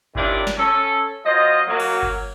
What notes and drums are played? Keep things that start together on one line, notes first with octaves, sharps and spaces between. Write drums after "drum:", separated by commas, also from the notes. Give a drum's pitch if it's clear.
A#2 D#3 C#4 D4 E4 G4, drum: kick G1
drum: snare
C#4 A4
F#3 F4 C5 D#5
F#3 A#3
drum: cymbal
drum: kick G1